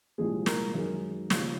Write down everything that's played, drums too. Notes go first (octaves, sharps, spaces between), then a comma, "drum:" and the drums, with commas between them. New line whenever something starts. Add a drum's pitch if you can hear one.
C2 A#2 F3 G#3 G#4
A#4, drum: snare
F#2 D#3 G#3 A#4
D#2 C#3 F3, drum: snare